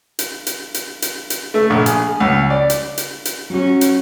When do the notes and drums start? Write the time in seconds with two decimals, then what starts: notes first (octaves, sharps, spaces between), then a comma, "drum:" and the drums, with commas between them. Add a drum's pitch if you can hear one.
0.19 drum: hi-hat
0.47 drum: hi-hat
0.74 drum: hi-hat
1.02 drum: hi-hat
1.30 drum: hi-hat
1.54 A3
1.70 A#1
1.86 G#4, drum: hi-hat
2.20 C#2
2.50 D5
2.70 drum: hi-hat
2.98 drum: hi-hat
3.25 drum: hi-hat
3.50 F#3 C#4 F#4
3.81 drum: hi-hat